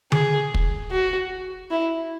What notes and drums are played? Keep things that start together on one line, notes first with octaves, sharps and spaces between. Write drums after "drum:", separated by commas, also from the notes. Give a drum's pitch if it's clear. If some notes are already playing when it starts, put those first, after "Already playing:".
G#4, drum: tom D3
drum: kick
F#4
E4